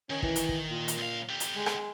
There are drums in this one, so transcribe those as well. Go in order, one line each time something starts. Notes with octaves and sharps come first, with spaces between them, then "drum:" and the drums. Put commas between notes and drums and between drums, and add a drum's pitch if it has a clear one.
D#3 C#4
E3, drum: kick
drum: hi-hat
drum: kick
A#2
drum: hi-hat
C#2 F5
D3 G4
drum: hi-hat
G#3
drum: rim click